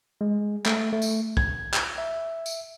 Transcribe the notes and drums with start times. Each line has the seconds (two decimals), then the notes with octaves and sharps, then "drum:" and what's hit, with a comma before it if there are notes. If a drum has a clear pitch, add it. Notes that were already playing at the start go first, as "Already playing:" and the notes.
0.21 G#3
0.66 A3, drum: clap
0.93 A3
1.02 drum: tambourine
1.37 G#6, drum: kick
1.74 drum: clap
1.98 E5
2.46 drum: tambourine